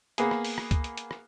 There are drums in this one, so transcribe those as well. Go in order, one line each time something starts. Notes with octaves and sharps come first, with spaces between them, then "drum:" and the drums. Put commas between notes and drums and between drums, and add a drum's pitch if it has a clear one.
A#3 B3 G#4, drum: hi-hat
drum: rim click
drum: open hi-hat
drum: rim click
drum: kick, hi-hat
drum: hi-hat
drum: hi-hat
drum: rim click